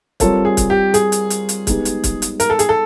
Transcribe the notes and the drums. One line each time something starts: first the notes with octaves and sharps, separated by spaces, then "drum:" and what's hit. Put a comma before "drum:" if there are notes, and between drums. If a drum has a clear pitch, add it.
G3 C4 F4 A4 A#4 C#5, drum: kick, hi-hat
G#4
drum: kick, hi-hat
G4
G#4, drum: hi-hat
drum: hi-hat
drum: hi-hat
drum: hi-hat
G#3 B3 D#4 G4, drum: kick, hi-hat
drum: hi-hat
drum: kick, hi-hat
drum: hi-hat
A#4, drum: hi-hat
A4
G#4, drum: hi-hat
A4